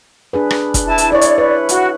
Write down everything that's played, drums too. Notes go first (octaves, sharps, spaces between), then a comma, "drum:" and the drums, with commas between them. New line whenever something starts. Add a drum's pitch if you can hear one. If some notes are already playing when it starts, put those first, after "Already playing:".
D4 G#4 B4
drum: rim click
drum: kick, hi-hat
E4 A5
drum: hi-hat
E4 C#5 D5
drum: hi-hat
B4
F#4, drum: hi-hat